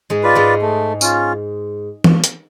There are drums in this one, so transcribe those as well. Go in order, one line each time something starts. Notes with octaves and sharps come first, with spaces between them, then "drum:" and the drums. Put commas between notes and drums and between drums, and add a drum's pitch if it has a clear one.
G#2 G#3
F4 B4 D5
G#2 G#3
A3
C#4 F4, drum: tambourine
drum: tom E3
drum: hi-hat